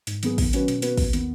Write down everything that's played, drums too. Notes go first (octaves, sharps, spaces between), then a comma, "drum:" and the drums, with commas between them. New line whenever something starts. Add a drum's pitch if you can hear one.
G#2, drum: hi-hat
D#3 F#3 B3 G#4, drum: hi-hat
D#3, drum: kick, open hi-hat
F#3 C#4 F#4 B4, drum: hi-hat
B2, drum: hi-hat
B3 F#4 B4, drum: hi-hat
D#2, drum: kick, open hi-hat
D#3 B3, drum: hi-hat